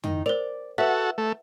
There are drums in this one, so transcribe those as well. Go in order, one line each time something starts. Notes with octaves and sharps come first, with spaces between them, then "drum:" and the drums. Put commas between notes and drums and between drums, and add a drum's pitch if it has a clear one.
D#3 D#4, drum: tom F2
A#4 C5 D5
F#4 A4 B4 E5 F#5
A3